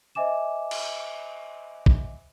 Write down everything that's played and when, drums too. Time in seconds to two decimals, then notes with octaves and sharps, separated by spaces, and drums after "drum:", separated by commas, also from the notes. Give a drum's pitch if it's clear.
0.15 C5 D#5 E5 G#5 D6 E7
0.71 drum: cymbal
1.86 drum: kick